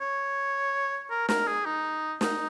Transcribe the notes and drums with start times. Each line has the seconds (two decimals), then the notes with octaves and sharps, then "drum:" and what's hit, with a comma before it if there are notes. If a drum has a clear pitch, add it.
0.01 C#5
1.10 A#4
1.29 A#4, drum: snare
1.47 G#4
1.65 D#4
2.21 D#4, drum: snare